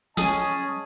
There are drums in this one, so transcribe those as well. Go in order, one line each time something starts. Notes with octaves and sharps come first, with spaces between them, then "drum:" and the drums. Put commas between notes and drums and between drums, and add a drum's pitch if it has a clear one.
C#4 G#4 D#5 G#5 A5, drum: snare